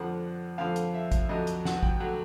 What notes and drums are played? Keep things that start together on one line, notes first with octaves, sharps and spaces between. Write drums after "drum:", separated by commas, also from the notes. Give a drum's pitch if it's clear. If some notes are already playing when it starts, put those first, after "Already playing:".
Already playing: F2 D3 F3 F#5
F2 D3 F3 F5
drum: hi-hat
E5
drum: kick, hi-hat
F2 D3 F#3 D#5
drum: hi-hat
F#5, drum: snare
G5, drum: kick
D3 F#3 F#5